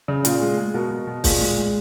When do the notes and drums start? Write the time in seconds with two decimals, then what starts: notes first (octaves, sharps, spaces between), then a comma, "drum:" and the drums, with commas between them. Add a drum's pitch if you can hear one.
0.08 C#3
0.25 A#2 F4 G#4, drum: hi-hat
0.42 G#3
0.57 G#3
0.74 B2 F#4 A#4
0.91 B2
1.07 B2
1.24 A#2 F4 G#4, drum: kick, open hi-hat
1.41 G#3
1.57 G#3